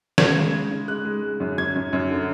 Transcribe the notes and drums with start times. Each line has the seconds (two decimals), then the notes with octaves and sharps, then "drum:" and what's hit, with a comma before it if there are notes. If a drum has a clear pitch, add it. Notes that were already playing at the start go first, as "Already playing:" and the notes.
0.18 C#3 G#6, drum: snare
0.36 G#3
0.53 G#3
0.71 C#3
0.88 G#3 F#6
1.05 G#3
1.22 G#3
1.40 F#2
1.58 F#2 G#6
1.75 F#2
1.93 F#2
2.10 D3